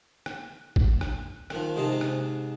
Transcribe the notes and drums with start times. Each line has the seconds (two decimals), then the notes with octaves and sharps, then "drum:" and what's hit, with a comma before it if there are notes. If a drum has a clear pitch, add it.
0.26 drum: rim click
0.76 drum: kick A1
1.01 drum: rim click
1.50 D#3 F3, drum: rim click
1.76 G#2 C3 D#4 A5
2.01 drum: rim click